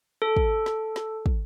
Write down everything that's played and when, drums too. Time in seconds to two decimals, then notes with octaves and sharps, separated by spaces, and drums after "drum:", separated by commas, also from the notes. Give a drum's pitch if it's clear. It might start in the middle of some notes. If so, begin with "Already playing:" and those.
0.22 A4
0.37 drum: kick
0.66 drum: snare
0.96 drum: snare
1.26 drum: kick